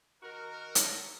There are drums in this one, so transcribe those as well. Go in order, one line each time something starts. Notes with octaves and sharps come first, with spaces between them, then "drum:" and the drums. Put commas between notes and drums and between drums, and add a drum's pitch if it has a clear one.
D#3 D#4 F#4 A#4
drum: hi-hat